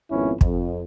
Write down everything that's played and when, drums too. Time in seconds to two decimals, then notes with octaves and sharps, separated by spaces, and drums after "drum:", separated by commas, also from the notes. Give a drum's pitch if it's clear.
0.11 G#1 F2 B3 C#4 E4
0.41 F2, drum: kick